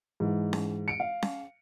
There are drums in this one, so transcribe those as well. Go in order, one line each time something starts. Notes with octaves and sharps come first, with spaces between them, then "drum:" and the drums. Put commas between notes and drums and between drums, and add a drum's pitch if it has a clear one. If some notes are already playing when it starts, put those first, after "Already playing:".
G#2 E3
drum: snare C#4
C#7 D7
F5
drum: snare C#4